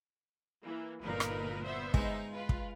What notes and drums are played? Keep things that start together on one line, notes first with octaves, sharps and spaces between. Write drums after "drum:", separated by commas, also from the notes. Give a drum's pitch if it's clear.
E3 A#3
G1 A#2 D#4 A#4 B4
drum: rim click
B3 C5 E5
G#3 D#4, drum: kick
F4 B4
drum: kick